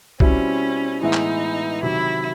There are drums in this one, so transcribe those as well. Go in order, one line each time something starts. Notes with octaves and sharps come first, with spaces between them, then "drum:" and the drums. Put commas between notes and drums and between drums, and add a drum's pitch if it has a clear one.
B2 G3 C4 C#4 E4, drum: kick C2
A2 E3 G#3 B3 D#4 E4
drum: clap
C3 D#3 F#3 E4